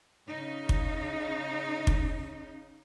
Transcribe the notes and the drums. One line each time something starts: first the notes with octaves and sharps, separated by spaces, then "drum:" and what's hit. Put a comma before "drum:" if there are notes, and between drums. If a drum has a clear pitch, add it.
C#3 D#4
drum: kick
drum: kick